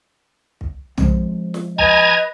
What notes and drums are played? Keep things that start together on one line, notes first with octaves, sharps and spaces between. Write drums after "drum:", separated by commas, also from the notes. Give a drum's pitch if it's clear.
drum: kick
F3 G#3 C4, drum: tom
drum: snare
B4 D#5 G#5 A#5 G#6, drum: kick